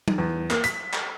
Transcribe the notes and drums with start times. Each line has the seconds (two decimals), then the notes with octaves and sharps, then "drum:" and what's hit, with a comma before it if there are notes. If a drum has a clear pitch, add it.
0.08 drum: tom F#3
0.18 E2
0.50 A#3, drum: clap
0.64 B6, drum: hi-hat
0.93 drum: clap